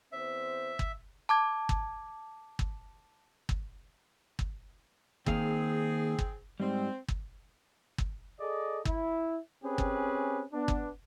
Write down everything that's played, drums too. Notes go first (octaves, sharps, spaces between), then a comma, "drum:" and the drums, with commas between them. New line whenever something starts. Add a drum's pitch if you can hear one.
E2 C4 C5 E5
drum: kick
A5 D6 G#6
drum: kick
drum: kick
drum: kick
drum: kick
D#3 A#3 C4 G#4 F5, drum: kick
drum: kick
G#2 G3 C4
drum: kick
drum: kick
G#4 A4 D5 D#5
E4, drum: kick
C4 C#4 G4 G#4 B4
drum: kick
B3 D4
drum: kick